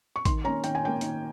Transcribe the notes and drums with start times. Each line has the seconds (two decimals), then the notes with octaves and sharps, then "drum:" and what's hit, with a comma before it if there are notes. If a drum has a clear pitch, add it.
0.16 C#6
0.25 D#3 C6, drum: kick A1, hi-hat
0.44 A#3 C#4 A#5
0.64 D#3 G5, drum: hi-hat
0.75 G#5
0.83 A#3 C#4 G5
1.01 D#3, drum: hi-hat